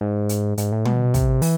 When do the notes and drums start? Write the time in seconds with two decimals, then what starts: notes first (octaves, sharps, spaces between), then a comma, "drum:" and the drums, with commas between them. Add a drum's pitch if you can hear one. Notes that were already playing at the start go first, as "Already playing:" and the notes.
0.01 G#2
0.29 drum: hi-hat
0.58 G#2, drum: hi-hat
0.72 A2
0.85 B2, drum: tom
1.14 C3, drum: kick, hi-hat
1.42 E3, drum: open hi-hat